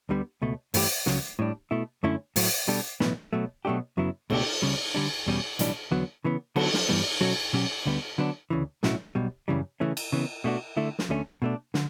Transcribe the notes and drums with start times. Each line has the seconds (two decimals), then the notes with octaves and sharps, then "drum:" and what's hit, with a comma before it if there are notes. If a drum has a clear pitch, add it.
0.09 D2 D3 G3 B3
0.42 C#2 B2 A3
0.74 G2 E3 A3 E4 G4, drum: open hi-hat
1.06 C#2 C#3 F#3, drum: snare
1.39 A2 G3 D4
1.71 B2 A3 E4
2.03 F#2 D3 A3 C#4 E4
2.36 A2 F#3 A3, drum: open hi-hat
2.68 B2 G3 D4 A4
3.00 B1 A2 E3 B3, drum: snare
3.33 B2 F#3 A3
3.65 B2 F#3 A3 D4 G4
3.97 F#2 C#3 F#3 B3 E4
4.30 C#2 B2 A3 D4 G4, drum: cymbal
4.62 C#2 C#3 G3
4.94 D3 G3 D4
5.27 E2 B2 G3 C#4
5.59 B1 A2 E3 G3 D4, drum: hi-hat
5.91 E2 D3 F#3 B3
6.24 C#3 E3 B3
6.56 D3 F#3 B3 F#4 A4, drum: cymbal
6.74 drum: snare
6.89 G2 E3 G3 B3
7.21 B2 F#3 C#4 F#4 A4
7.53 B2 F#3 C#4 G4
7.86 D2 D3 G3 B3
8.18 D3 F#3 B3 D4
8.50 D2 C#3 E3
8.83 B1 A2 F#3 C#4 E4, drum: snare
9.15 B1 B2 G3
9.48 F#2 C#3 E3 G3
9.80 C#3 E3 A3 C#4
9.97 drum: cymbal
10.12 C#3 E3 B3
10.44 B2 A3 D4 F#4
10.77 D3 A3 E4
10.99 drum: snare
11.09 D2 D3 A3 C#4
11.42 B2 A3 D4
11.74 D3, drum: snare